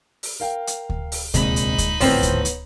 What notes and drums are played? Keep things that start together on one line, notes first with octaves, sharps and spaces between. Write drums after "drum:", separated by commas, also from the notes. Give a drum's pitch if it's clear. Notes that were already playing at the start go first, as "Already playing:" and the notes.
drum: open hi-hat
A#4 F5 G5
drum: hi-hat
drum: kick D2
drum: open hi-hat
A#1 D#2 C3 G#3 C4 D#4 B5, drum: kick D2, hi-hat
drum: hi-hat
drum: kick D2, hi-hat
G#1 D2 A2 F3 B3 C4 C#5, drum: open hi-hat
drum: kick D2, hi-hat
drum: hi-hat